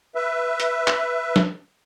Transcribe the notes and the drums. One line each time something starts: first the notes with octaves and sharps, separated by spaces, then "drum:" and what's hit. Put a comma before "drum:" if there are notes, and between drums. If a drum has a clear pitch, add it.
B4 E5
drum: hi-hat
drum: clap
drum: snare